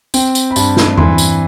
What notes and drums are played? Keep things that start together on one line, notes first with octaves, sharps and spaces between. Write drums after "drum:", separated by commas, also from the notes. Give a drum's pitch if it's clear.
C4 G5, drum: tambourine
drum: tambourine
B5
G2 A5, drum: tambourine
drum: snare
E3 C6, drum: tom E2
drum: tambourine